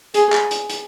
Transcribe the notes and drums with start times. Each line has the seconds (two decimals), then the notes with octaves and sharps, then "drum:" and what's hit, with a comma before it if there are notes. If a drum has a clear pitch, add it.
0.14 G#4, drum: hi-hat
0.32 drum: clap
0.51 drum: hi-hat
0.70 drum: hi-hat